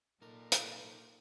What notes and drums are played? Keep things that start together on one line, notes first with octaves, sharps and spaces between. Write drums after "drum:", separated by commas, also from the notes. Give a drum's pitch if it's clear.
A#2 D#4 A4 A#4
drum: hi-hat